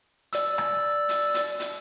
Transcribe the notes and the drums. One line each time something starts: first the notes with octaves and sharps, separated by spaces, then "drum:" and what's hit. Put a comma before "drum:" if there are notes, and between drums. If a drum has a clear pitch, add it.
D5 E6, drum: hi-hat
drum: rim click
drum: hi-hat
drum: hi-hat
drum: hi-hat